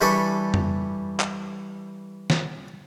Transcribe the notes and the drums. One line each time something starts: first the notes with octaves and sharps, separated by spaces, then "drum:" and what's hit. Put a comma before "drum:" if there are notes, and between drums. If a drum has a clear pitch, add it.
E3 G3 D4 A4 B5 C#6
drum: tom F2
drum: clap
drum: snare